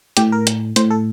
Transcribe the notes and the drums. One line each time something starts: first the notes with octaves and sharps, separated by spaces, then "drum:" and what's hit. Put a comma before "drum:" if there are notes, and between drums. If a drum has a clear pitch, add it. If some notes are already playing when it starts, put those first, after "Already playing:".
A2 G4, drum: hi-hat
A#4
drum: hi-hat
A2 C5, drum: hi-hat
A4